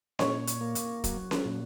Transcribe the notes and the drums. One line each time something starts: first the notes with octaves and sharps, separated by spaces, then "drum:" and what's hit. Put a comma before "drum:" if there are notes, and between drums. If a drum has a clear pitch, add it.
A#2 C#5, drum: snare C#4
drum: hi-hat
A#3
drum: hi-hat
F#3, drum: kick, hi-hat
drum: snare C#4
A#2